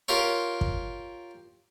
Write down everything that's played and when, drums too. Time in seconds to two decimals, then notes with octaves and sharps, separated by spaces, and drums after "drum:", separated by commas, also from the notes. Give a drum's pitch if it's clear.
0.08 F4 G4 A#4 C#5
0.61 drum: kick